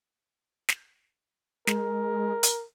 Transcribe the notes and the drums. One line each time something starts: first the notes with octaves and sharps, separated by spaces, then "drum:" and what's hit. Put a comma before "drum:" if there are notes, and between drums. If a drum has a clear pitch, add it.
drum: snare
G#3 A#4, drum: snare
drum: hi-hat